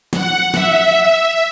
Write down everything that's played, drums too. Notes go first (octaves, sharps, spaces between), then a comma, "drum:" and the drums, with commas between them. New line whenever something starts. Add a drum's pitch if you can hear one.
F#5, drum: snare
E5, drum: snare